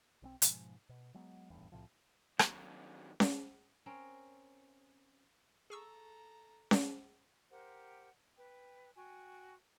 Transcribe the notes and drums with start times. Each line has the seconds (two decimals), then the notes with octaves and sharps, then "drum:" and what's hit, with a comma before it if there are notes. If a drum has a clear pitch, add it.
0.22 B1 G#3 C4
0.42 G#2 B2 F3 G#3, drum: hi-hat
0.89 B2
1.14 F#3 G#3 B3
1.50 D#1 A1 E2 G2
1.72 C2 A2 C3 F3
2.39 D#2 F#3, drum: rim click
3.20 drum: snare C#4
3.86 C4 C#4 A#4
5.70 G#4 A4 A#5 C#6 E6
6.71 drum: snare C#4
7.50 G4 A#4 C5 F#5
8.36 B4 G5
8.95 F#4 G5 G#5 C#6